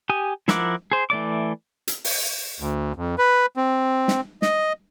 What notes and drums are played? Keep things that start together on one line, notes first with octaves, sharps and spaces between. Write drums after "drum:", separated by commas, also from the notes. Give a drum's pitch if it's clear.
G4 G#5 D#6
F3 E4 A#4 F#5 D6, drum: snare
G#4 C5
E3 A3 D5 D6
drum: hi-hat
drum: open hi-hat
D2
F2
B4
C4
drum: snare
D#5, drum: snare